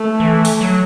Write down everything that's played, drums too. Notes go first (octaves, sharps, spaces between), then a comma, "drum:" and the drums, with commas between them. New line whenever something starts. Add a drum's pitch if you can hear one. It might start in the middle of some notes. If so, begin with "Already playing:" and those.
Already playing: A3
E3
drum: open hi-hat
F#3